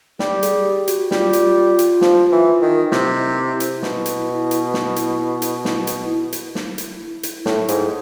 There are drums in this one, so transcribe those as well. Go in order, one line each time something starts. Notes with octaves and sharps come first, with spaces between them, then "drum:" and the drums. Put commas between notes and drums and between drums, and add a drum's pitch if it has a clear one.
G3 G4, drum: snare
G#4, drum: hi-hat
G4
F#4, drum: hi-hat
G3 F4, drum: snare
drum: hi-hat
drum: hi-hat
F3, drum: snare
E3
D#3
D#4
C3 E4, drum: snare
drum: hi-hat
B2, drum: snare
drum: hi-hat
drum: hi-hat
drum: snare
drum: hi-hat
drum: hi-hat
E4, drum: snare
drum: hi-hat
E4
drum: hi-hat
drum: snare
drum: hi-hat
drum: hi-hat
A2, drum: snare
G#2, drum: hi-hat